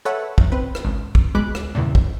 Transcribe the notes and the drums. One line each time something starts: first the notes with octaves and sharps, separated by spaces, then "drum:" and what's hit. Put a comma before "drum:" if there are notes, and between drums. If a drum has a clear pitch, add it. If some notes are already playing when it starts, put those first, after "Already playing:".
A4 B4 C#5 E5 F#5
B1, drum: kick
C4 B4
drum: rim click
G#1 C#2
drum: kick
D2 B2 G#3 B5 D6 F#6
drum: rim click
E2 G2 A#2 C#3 E3
drum: kick